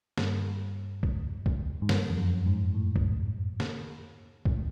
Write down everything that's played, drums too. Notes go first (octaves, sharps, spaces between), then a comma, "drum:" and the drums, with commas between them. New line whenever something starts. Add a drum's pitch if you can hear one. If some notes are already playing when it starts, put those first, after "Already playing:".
G2, drum: snare
drum: kick
drum: kick
G#2
G2, drum: snare
F2
F#2
G#2
A2
drum: kick
drum: snare
A2, drum: kick